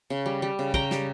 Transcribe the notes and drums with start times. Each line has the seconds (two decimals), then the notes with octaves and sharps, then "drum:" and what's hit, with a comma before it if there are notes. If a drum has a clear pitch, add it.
0.10 C#3
0.26 G3
0.42 G3
0.59 C#3
0.74 C#3 G5 A#5, drum: kick
0.91 G3, drum: snare